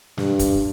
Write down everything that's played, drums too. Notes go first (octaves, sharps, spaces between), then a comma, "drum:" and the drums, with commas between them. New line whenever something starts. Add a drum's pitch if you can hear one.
G2, drum: snare
drum: kick, hi-hat